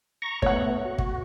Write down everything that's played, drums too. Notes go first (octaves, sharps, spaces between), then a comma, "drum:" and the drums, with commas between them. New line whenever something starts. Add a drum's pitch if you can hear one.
A#5 C#6
A3 B3 C#5 F#5, drum: kick
F#4
drum: kick